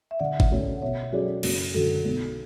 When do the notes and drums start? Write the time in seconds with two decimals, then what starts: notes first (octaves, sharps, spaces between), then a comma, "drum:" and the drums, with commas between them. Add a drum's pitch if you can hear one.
0.11 E5
0.20 D3 D5 F#5
0.40 drum: kick
0.51 A3 C#4 F#4
0.77 F#5
0.82 B2 C#5 E5
1.12 F#3 C#4 F#4 G#4 A4 D5
1.43 F#1 F#4, drum: cymbal
1.74 F#2 D3 F#4 A4
2.05 B1